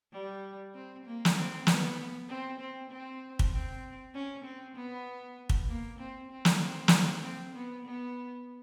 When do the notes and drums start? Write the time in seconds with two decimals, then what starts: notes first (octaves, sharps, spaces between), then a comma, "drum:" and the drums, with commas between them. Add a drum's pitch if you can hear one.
0.12 G3
0.74 C4
1.05 A#3
1.25 drum: snare
1.35 C4
1.67 B3, drum: snare
2.28 C4
2.60 C4
2.90 C4
3.39 drum: kick
3.53 C4
4.14 C#4
4.45 C4
4.75 B3
5.49 drum: kick
5.68 A#3
5.99 C4
6.31 C4
6.45 drum: snare
6.61 C4
6.88 drum: snare
7.23 C4
7.54 B3
7.85 B3